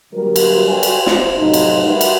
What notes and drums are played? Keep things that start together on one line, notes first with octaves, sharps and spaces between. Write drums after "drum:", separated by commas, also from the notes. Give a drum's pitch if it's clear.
D3 F#3 G3 A#3 F#4 A#4
drum: cymbal
A4 B4 C#5 D5 G5 G#5
drum: cymbal
C5, drum: snare
F2 A2 C3 F#3 D#4
drum: cymbal
G3 A#4 B4 E5 F#5
drum: cymbal